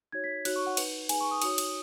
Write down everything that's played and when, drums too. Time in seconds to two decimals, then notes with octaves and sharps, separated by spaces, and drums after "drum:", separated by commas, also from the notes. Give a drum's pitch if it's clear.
0.12 D#4 F#4 C#5 G#6
0.24 B6
0.45 D#4 F#4 C#5 F#6, drum: cymbal
0.56 C#6
0.66 F#5
0.77 D#4 B4, drum: cymbal
1.09 D#4 G#4 B4 G#5, drum: cymbal
1.21 C#6
1.31 D#6
1.42 D#4 F#4 C#5 D#6, drum: cymbal
1.58 drum: cymbal